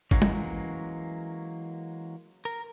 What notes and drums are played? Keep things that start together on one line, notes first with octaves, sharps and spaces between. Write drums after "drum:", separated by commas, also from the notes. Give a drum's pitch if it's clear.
E3 F#3 G#3 A#3 C#4, drum: kick G#1
drum: tom
A#4